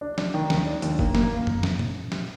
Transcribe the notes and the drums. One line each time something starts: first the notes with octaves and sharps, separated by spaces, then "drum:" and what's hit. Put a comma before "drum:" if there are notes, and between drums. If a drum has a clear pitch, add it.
D4
D4, drum: snare
D#3
D#2, drum: snare
D4
D#2, drum: hi-hat
A#3, drum: kick F#1
A#3, drum: snare
drum: tom F#2
drum: snare
drum: tom A#2
drum: snare